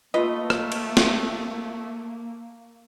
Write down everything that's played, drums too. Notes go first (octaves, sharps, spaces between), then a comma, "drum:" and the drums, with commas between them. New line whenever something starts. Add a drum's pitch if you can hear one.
A3 A#3 F4 B4 D#5
drum: rim click
drum: cymbal
drum: snare